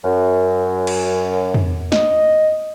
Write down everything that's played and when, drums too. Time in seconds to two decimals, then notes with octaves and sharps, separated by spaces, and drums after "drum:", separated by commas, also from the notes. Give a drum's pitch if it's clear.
0.04 F#2
0.87 drum: cymbal
1.54 drum: tom
1.92 D#5, drum: snare